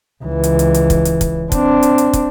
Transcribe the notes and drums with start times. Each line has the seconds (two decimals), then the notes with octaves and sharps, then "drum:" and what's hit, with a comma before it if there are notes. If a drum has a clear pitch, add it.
0.24 C#2 E3
0.44 drum: hi-hat
0.59 drum: hi-hat
0.74 drum: hi-hat
0.90 drum: kick, hi-hat
1.05 drum: hi-hat
1.21 drum: kick, hi-hat
1.52 C4 D4, drum: kick, hi-hat
1.83 drum: hi-hat
1.98 drum: hi-hat
2.13 drum: kick, hi-hat